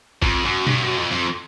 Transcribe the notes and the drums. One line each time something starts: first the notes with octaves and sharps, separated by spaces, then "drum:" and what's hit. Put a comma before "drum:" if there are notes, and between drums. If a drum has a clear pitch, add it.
F2, drum: kick G#1
F#2
G2, drum: tom B2
F#2
F2
F2